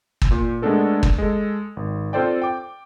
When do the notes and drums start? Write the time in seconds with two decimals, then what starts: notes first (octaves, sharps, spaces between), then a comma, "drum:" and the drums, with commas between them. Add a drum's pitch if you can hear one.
0.22 drum: kick
0.31 A#2
0.62 G#3 A3 B3 D4 A4 A#4
1.03 drum: kick
1.18 G#3 A4
1.77 G#1
2.13 C4 F4 A4 C5 D5 G5
2.42 G5 D6